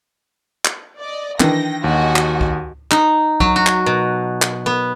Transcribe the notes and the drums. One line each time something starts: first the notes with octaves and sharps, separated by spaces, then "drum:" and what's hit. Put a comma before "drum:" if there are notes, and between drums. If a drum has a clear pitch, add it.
drum: clap
D5 D#5
D#3 E3 C4 D4 G5 A#6, drum: clap
D#2 F#4 D#5 G#5
drum: clap
drum: kick B1
D#4, drum: clap
F#3, drum: kick B1
F#4
drum: clap
B2
drum: clap
B3